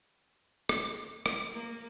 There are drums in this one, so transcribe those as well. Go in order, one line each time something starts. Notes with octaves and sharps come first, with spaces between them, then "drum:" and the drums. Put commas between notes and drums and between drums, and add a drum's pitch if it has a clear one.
drum: rim click
drum: rim click
A#3